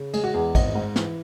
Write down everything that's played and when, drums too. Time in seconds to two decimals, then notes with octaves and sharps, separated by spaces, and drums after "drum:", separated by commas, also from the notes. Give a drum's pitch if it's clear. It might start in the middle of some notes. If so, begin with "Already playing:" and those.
Already playing: C#3
0.13 G#3 G#4, drum: cymbal
0.24 F#4
0.34 E2 G#4
0.55 G#1 D#5, drum: kick, cymbal
0.75 G#2
0.96 E3, drum: snare